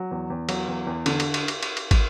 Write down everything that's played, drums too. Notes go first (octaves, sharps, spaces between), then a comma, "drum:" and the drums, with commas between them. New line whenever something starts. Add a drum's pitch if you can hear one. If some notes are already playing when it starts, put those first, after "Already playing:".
Already playing: F#3
E2
E2
F#3, drum: cymbal
E2
E2
D3, drum: cymbal
drum: cymbal
drum: cymbal
drum: cymbal
drum: cymbal
drum: cymbal
drum: kick, cymbal